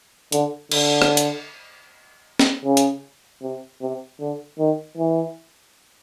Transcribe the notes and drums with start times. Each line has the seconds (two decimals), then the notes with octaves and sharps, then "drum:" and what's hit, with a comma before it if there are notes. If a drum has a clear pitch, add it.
0.32 D3, drum: hi-hat
0.71 D3, drum: cymbal
1.02 drum: rim click
1.17 drum: hi-hat
2.39 drum: snare
2.65 C#3
2.77 drum: hi-hat
3.42 C3
3.82 C3
4.20 D3
4.59 D#3
4.97 E3